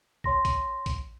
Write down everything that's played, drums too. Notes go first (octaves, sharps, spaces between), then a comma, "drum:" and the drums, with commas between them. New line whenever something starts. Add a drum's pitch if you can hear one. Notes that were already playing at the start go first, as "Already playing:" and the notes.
C#5 C6 A#6, drum: kick
drum: kick, hi-hat
drum: kick, hi-hat